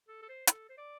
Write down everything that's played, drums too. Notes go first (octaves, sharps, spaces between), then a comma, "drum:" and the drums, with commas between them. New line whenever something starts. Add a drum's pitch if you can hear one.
A4
A4
C5
A4, drum: hi-hat
C5
D5